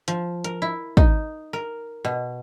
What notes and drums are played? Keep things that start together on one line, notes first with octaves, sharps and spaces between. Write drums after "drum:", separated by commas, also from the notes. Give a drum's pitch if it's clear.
F3, drum: hi-hat
A#4, drum: hi-hat
E4
D#4, drum: kick
A#4
B2